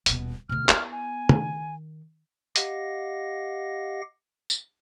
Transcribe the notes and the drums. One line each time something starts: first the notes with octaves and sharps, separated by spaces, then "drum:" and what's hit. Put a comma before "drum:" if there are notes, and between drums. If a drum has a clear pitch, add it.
D#1 B2, drum: hi-hat
D2 B2 F6
B3 E4, drum: clap
G#5
D#3, drum: tom
G4 D#5 F5 F#5 A#6, drum: hi-hat
drum: tambourine